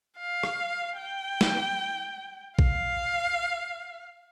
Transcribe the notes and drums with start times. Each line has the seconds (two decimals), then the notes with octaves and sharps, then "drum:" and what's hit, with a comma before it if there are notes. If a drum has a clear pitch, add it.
0.17 F5
0.43 drum: rim click
0.97 G5
1.41 drum: snare
2.59 F5, drum: kick A#1